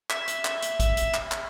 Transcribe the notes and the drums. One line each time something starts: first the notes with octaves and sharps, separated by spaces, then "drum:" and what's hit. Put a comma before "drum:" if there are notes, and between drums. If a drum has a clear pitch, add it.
E5, drum: clap
drum: hi-hat
drum: clap
drum: hi-hat
drum: kick, hi-hat
drum: hi-hat
drum: clap
drum: clap